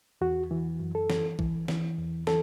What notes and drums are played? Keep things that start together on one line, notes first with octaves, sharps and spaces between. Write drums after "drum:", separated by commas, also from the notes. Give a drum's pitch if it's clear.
E2 F#4
E3
F#2
A4
E3, drum: snare
E3, drum: kick
E3, drum: snare
E2
E3 A4, drum: snare